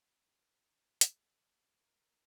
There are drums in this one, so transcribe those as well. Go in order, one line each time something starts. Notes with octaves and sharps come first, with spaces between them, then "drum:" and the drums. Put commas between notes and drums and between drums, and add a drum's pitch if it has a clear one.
A#4
A#4
A4, drum: hi-hat
A#4